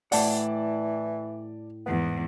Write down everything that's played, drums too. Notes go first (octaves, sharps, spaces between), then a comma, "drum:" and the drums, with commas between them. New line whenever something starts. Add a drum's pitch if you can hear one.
A2 E3 D5 F#5 A5, drum: open hi-hat
E2 G#2 B3